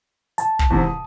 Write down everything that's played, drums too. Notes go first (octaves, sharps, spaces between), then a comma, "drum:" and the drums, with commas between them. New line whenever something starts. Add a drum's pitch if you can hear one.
A5, drum: hi-hat
drum: kick
E2 G#2 C3
D#6